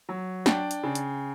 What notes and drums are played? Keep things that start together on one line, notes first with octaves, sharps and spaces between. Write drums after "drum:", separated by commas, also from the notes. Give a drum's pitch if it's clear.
F#3
D4 G5, drum: snare
drum: hi-hat
C#3
drum: hi-hat